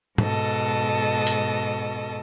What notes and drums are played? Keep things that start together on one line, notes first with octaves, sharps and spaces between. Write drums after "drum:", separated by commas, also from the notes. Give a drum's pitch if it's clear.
G#2 B2 A4 D#5 A5, drum: tom G#2
drum: hi-hat